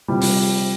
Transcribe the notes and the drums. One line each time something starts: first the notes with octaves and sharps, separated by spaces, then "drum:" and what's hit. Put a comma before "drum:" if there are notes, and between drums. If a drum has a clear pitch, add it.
C3 F3 G3
drum: open hi-hat